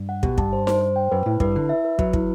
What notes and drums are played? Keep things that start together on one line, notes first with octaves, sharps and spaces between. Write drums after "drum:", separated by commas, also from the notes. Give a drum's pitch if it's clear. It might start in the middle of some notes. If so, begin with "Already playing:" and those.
Already playing: G2
F#5
B2 G4, drum: kick
G2 A5, drum: kick
C5
C5, drum: snare D#4
C5
G5
F#2 B4
A2 E4
G2 B4, drum: kick
D3 E4
E5
B4
F#3 B4, drum: kick
E4, drum: kick